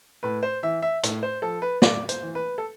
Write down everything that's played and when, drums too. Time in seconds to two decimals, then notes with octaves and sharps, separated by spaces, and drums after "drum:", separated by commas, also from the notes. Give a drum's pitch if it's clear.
0.23 A2 B4
0.43 C5
0.63 E3 E5
0.82 E5
1.03 A2, drum: hi-hat
1.23 C5
1.42 F3 A4
1.62 B4
1.82 A2 D5, drum: snare
2.09 C5, drum: hi-hat
2.22 E3
2.35 B4
2.58 A4